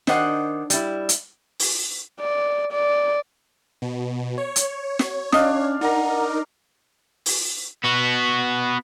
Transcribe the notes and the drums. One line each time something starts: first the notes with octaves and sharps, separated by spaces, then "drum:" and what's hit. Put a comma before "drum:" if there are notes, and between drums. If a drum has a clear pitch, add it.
D#3 D4 C5 D#5 F#5, drum: snare
G3 E4, drum: hi-hat
drum: hi-hat
drum: open hi-hat
D5
D5
B2
C#5
drum: hi-hat
drum: snare
C#4 D4 D5 D#5 F5 D#6, drum: snare
D#4 A#4 D5 F#5 A#5
drum: open hi-hat
B3 F#4